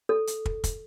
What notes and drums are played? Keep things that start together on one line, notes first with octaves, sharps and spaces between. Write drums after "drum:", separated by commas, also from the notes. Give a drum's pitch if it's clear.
A4
drum: hi-hat
drum: kick
drum: kick, hi-hat